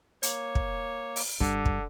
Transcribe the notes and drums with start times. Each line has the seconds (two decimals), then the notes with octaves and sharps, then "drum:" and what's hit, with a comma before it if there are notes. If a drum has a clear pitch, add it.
0.23 A#3 C#5, drum: hi-hat
0.55 drum: kick
1.16 drum: open hi-hat
1.40 G2 D3, drum: kick
1.66 drum: kick